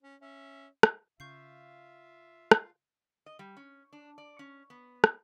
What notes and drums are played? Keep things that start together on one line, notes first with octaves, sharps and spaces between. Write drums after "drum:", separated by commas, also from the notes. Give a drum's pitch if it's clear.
C#4
C#4 E5
drum: rim click
C#3 F4 E5 F5 C#6 G6 C7
drum: rim click
D#5
G3
C#4
D4
D5
C#4
B3
drum: rim click